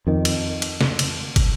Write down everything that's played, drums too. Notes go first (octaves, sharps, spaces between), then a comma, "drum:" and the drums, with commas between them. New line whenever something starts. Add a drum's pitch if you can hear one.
F2 D#3
drum: cymbal
drum: cymbal
drum: snare
drum: cymbal
drum: kick, cymbal